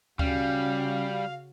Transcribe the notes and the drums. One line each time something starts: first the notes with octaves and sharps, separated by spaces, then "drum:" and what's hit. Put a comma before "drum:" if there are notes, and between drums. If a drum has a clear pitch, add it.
C#3 G3 C#4 F#4 F5, drum: kick D2